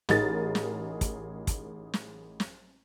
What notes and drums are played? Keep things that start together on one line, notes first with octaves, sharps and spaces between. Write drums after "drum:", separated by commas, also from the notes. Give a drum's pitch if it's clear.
A1 D#4 G#4 A#4 A6, drum: snare
drum: snare
drum: kick, hi-hat
drum: kick, hi-hat
drum: snare
drum: snare